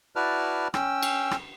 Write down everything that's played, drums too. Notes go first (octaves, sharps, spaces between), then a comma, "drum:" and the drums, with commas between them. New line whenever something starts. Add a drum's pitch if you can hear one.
E4 F#4 B4 D5 A5 F6
C#4 G5 E6, drum: rim click
drum: cymbal
drum: rim click